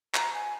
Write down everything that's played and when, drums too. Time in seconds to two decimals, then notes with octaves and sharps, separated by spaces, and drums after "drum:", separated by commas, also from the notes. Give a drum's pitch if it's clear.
0.14 A#5, drum: clap
0.34 G#5